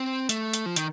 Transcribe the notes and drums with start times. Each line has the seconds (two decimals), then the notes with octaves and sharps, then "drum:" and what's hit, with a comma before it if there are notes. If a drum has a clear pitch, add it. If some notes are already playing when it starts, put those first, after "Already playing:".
Already playing: C4
0.29 A3, drum: hi-hat
0.53 drum: hi-hat
0.66 F3
0.76 D#3, drum: hi-hat